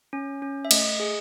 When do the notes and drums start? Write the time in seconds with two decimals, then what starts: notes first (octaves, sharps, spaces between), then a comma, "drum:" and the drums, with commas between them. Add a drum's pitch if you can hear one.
0.13 C#4
0.42 C#4
0.65 E5
0.71 A3 D#5, drum: cymbal
1.00 G#4